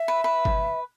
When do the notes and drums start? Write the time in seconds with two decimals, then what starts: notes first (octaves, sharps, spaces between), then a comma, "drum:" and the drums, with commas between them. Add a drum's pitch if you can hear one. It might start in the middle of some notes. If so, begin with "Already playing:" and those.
Already playing: E5
0.08 B4
0.24 B4
0.45 drum: kick G1